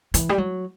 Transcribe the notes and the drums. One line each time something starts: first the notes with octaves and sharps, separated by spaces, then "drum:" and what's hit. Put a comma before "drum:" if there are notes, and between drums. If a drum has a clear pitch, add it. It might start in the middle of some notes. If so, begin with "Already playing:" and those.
E3, drum: hi-hat
G3
F#3